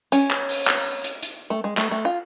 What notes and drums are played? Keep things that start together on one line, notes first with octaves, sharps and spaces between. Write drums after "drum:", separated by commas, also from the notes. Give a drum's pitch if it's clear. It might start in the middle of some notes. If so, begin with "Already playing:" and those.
C#4, drum: hi-hat
drum: clap
drum: open hi-hat
drum: clap
drum: hi-hat
drum: hi-hat
A3
G#3
A3, drum: clap
A3
F4